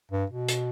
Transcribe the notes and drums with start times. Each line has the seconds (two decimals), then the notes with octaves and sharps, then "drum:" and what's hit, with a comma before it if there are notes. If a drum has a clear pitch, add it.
0.11 G2
0.30 B2
0.49 drum: hi-hat